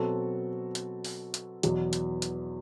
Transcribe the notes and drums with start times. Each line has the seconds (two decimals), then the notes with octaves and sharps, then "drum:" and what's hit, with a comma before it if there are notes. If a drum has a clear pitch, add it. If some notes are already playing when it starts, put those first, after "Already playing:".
Already playing: B2 F#3 C4 F#4 A4
0.75 drum: hi-hat
1.05 drum: open hi-hat
1.34 drum: hi-hat
1.63 E2 B2 F#3, drum: hi-hat
1.93 drum: hi-hat
2.22 drum: hi-hat